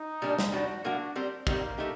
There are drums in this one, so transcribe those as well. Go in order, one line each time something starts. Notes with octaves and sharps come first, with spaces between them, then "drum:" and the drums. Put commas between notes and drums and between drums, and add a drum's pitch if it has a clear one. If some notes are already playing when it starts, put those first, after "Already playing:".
Already playing: D#4
A#2 G3 A#3 D4
drum: snare
D#3 G3 D4 F#4 G4
A2 F#3 A#3 D4 F#4
G3 C4 G4 A#4
D#3 G3 A#3 C4 G4, drum: kick
A3 D#4 G4